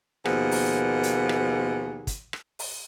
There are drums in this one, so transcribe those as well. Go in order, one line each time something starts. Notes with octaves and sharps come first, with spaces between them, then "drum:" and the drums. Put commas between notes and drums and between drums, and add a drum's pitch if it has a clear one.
D#2 B2 F3 A#3 G#4 F#5, drum: rim click
drum: open hi-hat
drum: hi-hat
drum: rim click
drum: kick, hi-hat
drum: rim click
drum: open hi-hat